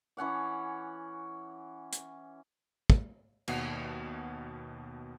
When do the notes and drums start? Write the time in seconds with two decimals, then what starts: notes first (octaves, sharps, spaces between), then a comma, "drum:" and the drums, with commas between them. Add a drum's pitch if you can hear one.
0.17 E3 C#4 F#5 D6
1.93 drum: hi-hat
2.90 drum: kick
3.48 D#2 B2 F#5, drum: cymbal